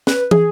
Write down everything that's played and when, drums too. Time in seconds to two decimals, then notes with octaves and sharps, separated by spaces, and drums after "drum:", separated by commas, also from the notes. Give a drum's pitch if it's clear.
0.07 B4, drum: snare
0.31 G#4, drum: tom